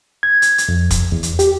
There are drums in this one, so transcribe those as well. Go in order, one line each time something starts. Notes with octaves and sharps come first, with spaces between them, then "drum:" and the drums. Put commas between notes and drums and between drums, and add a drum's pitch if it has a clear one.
G#6
drum: hi-hat
drum: hi-hat
F2
drum: kick, hi-hat
E2
drum: hi-hat
G4, drum: hi-hat